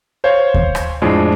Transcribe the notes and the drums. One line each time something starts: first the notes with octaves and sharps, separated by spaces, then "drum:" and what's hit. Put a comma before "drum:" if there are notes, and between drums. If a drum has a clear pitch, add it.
C5 C#5 F5
drum: kick D#2
drum: rim click
F2 A2 F3 G#3 D4